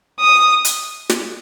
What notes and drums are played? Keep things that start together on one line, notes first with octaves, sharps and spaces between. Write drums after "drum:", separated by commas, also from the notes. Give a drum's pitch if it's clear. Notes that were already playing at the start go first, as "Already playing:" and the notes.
D#6
drum: hi-hat
drum: snare